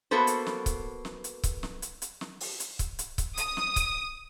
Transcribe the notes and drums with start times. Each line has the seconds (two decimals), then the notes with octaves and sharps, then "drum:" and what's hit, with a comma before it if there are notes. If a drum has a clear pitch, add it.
0.11 A#3 B3 F#4 A4 B4 C5
0.27 drum: hi-hat
0.47 drum: snare
0.66 drum: kick C#1, hi-hat
1.05 drum: snare
1.24 drum: hi-hat
1.43 drum: kick C#1, hi-hat
1.63 drum: snare
1.82 drum: hi-hat
2.02 drum: hi-hat
2.21 drum: snare
2.40 drum: open hi-hat
2.60 drum: hi-hat
2.79 drum: kick C#1, hi-hat
2.99 drum: hi-hat
3.18 drum: kick C#1, hi-hat
3.37 D#6, drum: hi-hat
3.57 drum: snare
3.76 drum: kick C#1, hi-hat